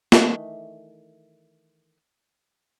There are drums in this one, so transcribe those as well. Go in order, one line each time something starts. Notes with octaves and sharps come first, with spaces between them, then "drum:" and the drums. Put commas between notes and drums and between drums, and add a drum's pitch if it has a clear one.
D#3 E3 A3, drum: snare